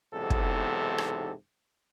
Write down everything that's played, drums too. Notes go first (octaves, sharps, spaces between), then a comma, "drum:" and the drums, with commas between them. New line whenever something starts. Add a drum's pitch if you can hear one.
B1 E2 G#2 C3 A4
drum: kick
drum: rim click